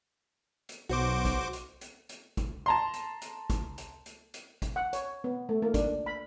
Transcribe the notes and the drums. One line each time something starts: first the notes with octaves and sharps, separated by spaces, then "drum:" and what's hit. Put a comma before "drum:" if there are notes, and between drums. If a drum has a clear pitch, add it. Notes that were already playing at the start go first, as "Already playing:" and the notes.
drum: hi-hat
B1 F#4 C5 D6
drum: kick, hi-hat
drum: hi-hat
drum: hi-hat
drum: hi-hat
drum: kick, hi-hat
A5 A#5 C6
drum: hi-hat
drum: hi-hat
drum: kick, hi-hat
drum: hi-hat
drum: hi-hat
drum: hi-hat
drum: kick, hi-hat
F#5
C#5, drum: hi-hat
B3
A3
A#3
D4, drum: kick, hi-hat
B5